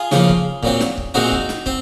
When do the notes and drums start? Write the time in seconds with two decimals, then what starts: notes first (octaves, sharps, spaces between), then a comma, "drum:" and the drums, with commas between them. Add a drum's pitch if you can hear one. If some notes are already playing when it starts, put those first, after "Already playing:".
Already playing: F4 G#4
0.11 C#3 F3 A#3, drum: snare
0.29 drum: kick
0.63 A#2 F#3 C4, drum: kick
0.80 drum: snare
0.98 drum: kick
1.14 A#2 G#3 C4 D#4 F#4
1.32 drum: kick
1.49 drum: snare
1.66 C4, drum: kick